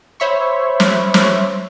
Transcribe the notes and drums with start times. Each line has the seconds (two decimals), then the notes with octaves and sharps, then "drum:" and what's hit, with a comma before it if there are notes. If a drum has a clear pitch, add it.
0.20 C5 C#5 E5 B5 C#6
0.80 drum: snare
1.14 drum: snare